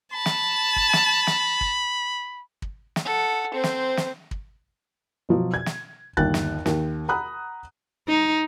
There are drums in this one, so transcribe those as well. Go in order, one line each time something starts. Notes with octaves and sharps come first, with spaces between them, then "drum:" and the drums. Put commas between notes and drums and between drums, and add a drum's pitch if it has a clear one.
A5 B5
drum: snare
drum: kick
drum: snare
drum: snare
drum: kick
drum: kick
drum: snare
A4 F#5
C4 C5
drum: snare
drum: snare
drum: kick
B2 F3 F#3
G#6
drum: snare
G1 D#2 F#6 A6, drum: kick
drum: snare
D#2, drum: snare
F#5 A#5 B5 D#6 F#6
D#4